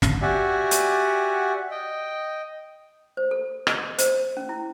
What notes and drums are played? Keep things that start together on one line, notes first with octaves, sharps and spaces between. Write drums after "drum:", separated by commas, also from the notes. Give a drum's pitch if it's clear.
drum: snare
F#4 G4 D5 E5 F#5 G#5
drum: hi-hat
D#5 G5
C5
A4
D#5, drum: rim click
C5, drum: hi-hat
C#4
E4